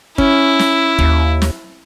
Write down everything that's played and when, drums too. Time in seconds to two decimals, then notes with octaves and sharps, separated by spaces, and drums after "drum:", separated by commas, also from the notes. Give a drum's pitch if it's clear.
0.18 C#4 E4, drum: kick
0.59 drum: snare
0.99 D#2, drum: kick
1.42 drum: snare